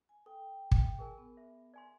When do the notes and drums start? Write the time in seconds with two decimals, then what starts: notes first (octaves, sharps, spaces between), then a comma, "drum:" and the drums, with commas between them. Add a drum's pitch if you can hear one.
0.09 G#5
0.26 A4 G5
0.71 drum: kick
0.99 G#4 A#4 G#5
1.18 B3
1.37 E5
1.74 D5 G#5 C6